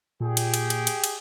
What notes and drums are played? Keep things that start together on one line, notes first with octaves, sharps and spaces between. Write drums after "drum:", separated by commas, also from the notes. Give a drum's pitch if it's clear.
A#2 G4 G#4 G5
drum: cymbal
drum: cymbal
drum: cymbal
drum: cymbal
drum: cymbal